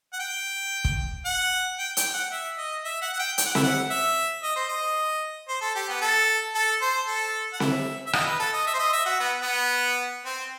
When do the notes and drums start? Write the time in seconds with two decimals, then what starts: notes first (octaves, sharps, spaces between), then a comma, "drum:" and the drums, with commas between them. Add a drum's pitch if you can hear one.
0.13 F#5
0.19 G5
0.85 drum: kick
1.25 F#5
1.79 G5
1.97 G5, drum: hi-hat
2.14 F#5
2.32 E5
2.58 D#5
2.84 E5
3.02 F#5
3.14 F#5
3.19 G5
3.38 G5, drum: hi-hat
3.46 F#5
3.55 E5, drum: snare C4
3.63 F#5
3.90 E5
4.43 D#5
4.56 C5
4.69 D#5
5.48 C5
5.61 A4
5.75 G4
5.88 B3
6.01 A4
6.55 A4
6.82 C5
7.07 A4
7.53 F#5
7.60 E5, drum: snare C4
8.06 E5
8.13 D#5, drum: rim click
8.26 B4
8.40 A4
8.53 D#5
8.67 E5
8.74 C5
8.79 D#5
8.93 E5
9.06 F#4
9.20 B3
9.42 B3
10.25 C4